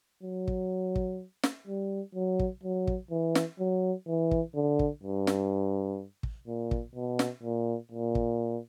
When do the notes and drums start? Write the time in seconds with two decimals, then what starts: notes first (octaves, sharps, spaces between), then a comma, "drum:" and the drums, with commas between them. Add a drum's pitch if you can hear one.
0.23 F#3
0.48 drum: kick
0.95 drum: kick
1.43 drum: snare
1.68 G3
2.15 F#3
2.39 drum: kick
2.64 F#3
2.87 drum: kick
3.11 E3
3.35 drum: snare
3.60 F#3
4.07 E3
4.31 drum: kick
4.55 D3
4.79 drum: kick
5.03 G2
5.27 drum: snare
6.23 drum: kick
6.48 A#2
6.71 drum: kick
6.95 B2
7.19 drum: snare
7.43 A#2
7.92 A#2
8.15 drum: kick